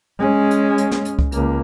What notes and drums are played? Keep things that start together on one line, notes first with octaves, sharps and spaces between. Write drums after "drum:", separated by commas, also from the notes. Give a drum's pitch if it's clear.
G#3 C#4
drum: hi-hat
drum: hi-hat
drum: snare
drum: hi-hat
drum: kick C#2
C#2 A#3, drum: hi-hat